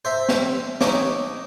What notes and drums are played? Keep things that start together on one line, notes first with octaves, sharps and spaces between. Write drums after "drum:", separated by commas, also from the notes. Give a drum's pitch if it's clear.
C5 E5 A#5
drum: snare
D#4 C#5 A#5 D6, drum: snare